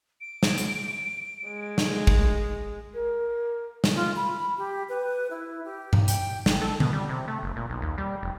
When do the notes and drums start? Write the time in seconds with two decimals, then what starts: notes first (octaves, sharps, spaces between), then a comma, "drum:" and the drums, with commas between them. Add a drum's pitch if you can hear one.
0.21 D7
0.43 drum: snare
0.58 drum: hi-hat
1.48 G#3
1.78 drum: snare
2.07 drum: kick
2.94 A#4
3.84 drum: snare
3.95 F4
4.16 B5
4.58 G4
4.89 B4
5.31 E4
5.65 G4
5.93 drum: tom G2
6.08 G5, drum: hi-hat
6.46 A1, drum: snare
6.61 A4
6.80 B2, drum: tom D3
6.93 G3
7.09 C3
7.28 A3
7.43 F#1
7.56 A#2
7.70 B1
7.82 D#2
7.98 G3
8.23 F1